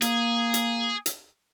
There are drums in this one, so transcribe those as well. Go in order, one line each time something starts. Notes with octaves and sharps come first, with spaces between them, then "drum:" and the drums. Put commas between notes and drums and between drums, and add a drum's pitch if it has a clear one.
A#3 G#4, drum: hi-hat
drum: hi-hat
drum: hi-hat